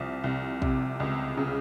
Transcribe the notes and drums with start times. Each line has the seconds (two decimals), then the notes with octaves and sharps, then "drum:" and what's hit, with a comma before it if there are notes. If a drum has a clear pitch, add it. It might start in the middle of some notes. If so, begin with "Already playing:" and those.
Already playing: C2 F3
0.24 C2
0.62 C3, drum: kick
1.00 C#2
1.37 C#3